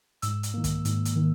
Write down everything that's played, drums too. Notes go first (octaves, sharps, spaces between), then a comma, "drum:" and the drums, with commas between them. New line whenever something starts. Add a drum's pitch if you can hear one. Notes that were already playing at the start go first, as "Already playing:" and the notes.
G#2 E6, drum: hi-hat
drum: hi-hat
D#3 A#3
drum: kick, hi-hat
G#2, drum: hi-hat
drum: hi-hat
D#3